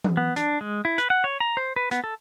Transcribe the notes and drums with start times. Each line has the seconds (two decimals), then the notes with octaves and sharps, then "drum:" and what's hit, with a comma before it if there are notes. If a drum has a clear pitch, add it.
0.04 drum: tom E3
0.17 B3
0.36 D4, drum: hi-hat
0.61 G#3
0.85 E4
0.98 B4, drum: hi-hat
1.10 F#5
1.24 C#5
1.40 A#5
1.57 C5
1.76 B4
1.91 B3, drum: hi-hat
2.04 A4